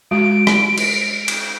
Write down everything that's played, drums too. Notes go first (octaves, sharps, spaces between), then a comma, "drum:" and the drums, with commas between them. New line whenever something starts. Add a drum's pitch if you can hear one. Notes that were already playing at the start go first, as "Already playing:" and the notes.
G#3 F#4 D7
drum: rim click
drum: cymbal
drum: cymbal